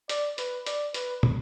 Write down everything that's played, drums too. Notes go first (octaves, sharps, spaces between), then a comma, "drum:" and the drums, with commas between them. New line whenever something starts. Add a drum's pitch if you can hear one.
D5, drum: hi-hat
B4, drum: hi-hat
D5, drum: hi-hat
B4, drum: hi-hat
drum: tom